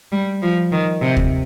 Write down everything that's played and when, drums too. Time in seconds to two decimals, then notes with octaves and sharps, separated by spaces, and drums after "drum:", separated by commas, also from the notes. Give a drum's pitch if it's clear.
0.12 G3
0.43 F3
0.72 D#3
1.01 C3
1.17 drum: kick